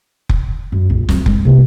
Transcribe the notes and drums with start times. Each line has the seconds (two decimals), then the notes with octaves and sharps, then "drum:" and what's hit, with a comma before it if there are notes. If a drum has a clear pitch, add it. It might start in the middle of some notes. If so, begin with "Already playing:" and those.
0.29 drum: kick F1
0.72 F#2
0.90 A#1
1.09 F2 F#3, drum: snare
1.26 G#3, drum: kick F1
1.45 C3 A#3